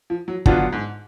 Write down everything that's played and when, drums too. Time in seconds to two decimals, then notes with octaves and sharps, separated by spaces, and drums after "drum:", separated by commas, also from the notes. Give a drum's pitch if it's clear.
0.10 F3
0.28 F#3
0.46 D3 F3 F#3 B3 D4 F4, drum: kick
0.72 G#2